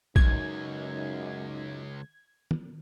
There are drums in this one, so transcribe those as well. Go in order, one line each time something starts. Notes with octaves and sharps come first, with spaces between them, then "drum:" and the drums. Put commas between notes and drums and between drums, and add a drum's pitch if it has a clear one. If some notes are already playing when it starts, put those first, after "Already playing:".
C#2 F#2 D#4 G#6, drum: kick A#1
drum: tom